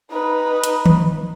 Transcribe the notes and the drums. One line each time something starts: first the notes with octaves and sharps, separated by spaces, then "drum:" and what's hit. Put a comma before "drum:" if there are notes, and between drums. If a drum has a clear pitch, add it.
D#4 B4
drum: hi-hat
drum: tom D#3